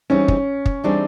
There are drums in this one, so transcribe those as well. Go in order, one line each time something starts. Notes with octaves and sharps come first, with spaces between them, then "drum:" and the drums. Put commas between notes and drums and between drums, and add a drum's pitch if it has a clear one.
E3 G3 C4 C#4 D#4 G#4
drum: kick
drum: kick
E3 G3 C4 D4 D#4 G#4